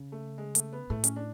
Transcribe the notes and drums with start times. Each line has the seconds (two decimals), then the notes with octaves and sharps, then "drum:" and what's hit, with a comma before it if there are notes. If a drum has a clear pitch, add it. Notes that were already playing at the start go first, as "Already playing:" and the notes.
Already playing: C#3
0.12 A3
0.38 G#3
0.55 A3, drum: hi-hat
0.73 B3
0.90 A2 A3
1.04 C#4, drum: hi-hat
1.16 D4